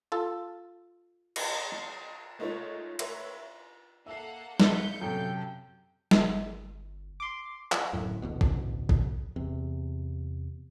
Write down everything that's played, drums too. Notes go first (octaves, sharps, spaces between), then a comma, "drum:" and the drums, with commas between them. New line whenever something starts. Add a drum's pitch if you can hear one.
F4 A4
drum: cymbal
G#3 A3 D#4 F4 A#4 C#5
A#4 B4 C#5 E5 C6, drum: cymbal
A#3 A4 E5 F#5 C7
B4 F5 G6 C#7, drum: snare
F#2 C3 A4 G5
G1, drum: snare
C6 D6
drum: clap
D1 F#2 A2
A1 D2 B2
drum: kick
drum: kick
E2 C3